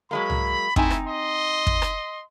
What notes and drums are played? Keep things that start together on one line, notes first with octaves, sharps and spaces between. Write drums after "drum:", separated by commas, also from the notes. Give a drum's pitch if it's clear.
F#3 G#3 A#3 B5
drum: tom
A3 C4 D#4 E4 G#5, drum: kick
drum: rim click
D#5 C6
drum: kick
drum: rim click